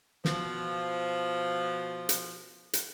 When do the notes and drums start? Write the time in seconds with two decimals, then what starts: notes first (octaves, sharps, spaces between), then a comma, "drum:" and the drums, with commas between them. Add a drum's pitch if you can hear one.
0.25 B2 F3, drum: snare
2.09 drum: hi-hat
2.73 drum: hi-hat